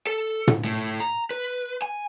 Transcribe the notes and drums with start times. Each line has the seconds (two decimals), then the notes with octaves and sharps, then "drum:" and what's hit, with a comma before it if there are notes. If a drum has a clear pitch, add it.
0.07 A4
0.48 drum: tom
0.65 A2
1.00 A#5
1.31 B4
1.82 G#5